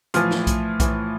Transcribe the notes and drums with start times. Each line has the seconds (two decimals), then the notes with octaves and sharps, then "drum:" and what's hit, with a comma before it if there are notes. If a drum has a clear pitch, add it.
0.14 A2 E3 F3 F4, drum: hi-hat
0.31 drum: snare
0.47 drum: kick B1, hi-hat
0.80 A2 E3, drum: kick B1, hi-hat